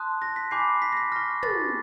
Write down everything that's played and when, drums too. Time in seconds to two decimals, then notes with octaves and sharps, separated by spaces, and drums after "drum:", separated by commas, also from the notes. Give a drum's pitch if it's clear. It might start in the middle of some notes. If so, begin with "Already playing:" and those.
Already playing: A5 C6 D#6 F#6
0.22 A#6
0.36 B6
0.51 G#5 B5 D6 G6 C7
0.82 B6
0.92 A#6
0.97 B6
1.12 C#6 F6 A#6
1.43 A6, drum: tom